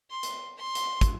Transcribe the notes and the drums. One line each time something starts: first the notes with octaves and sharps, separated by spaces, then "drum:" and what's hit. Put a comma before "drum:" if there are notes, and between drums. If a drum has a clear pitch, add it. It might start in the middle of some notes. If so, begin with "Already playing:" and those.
C6
drum: hi-hat
C6
drum: hi-hat
drum: kick, hi-hat